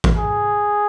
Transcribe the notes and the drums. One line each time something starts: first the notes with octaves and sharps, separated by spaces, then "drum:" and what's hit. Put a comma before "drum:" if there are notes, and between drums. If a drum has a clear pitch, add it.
drum: kick A1
G#4